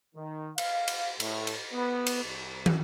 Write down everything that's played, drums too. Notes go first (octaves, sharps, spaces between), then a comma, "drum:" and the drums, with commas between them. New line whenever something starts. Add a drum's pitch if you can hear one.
D#3
F5, drum: cymbal
drum: cymbal
A2, drum: cymbal
drum: cymbal
B3
drum: cymbal
C2
drum: tom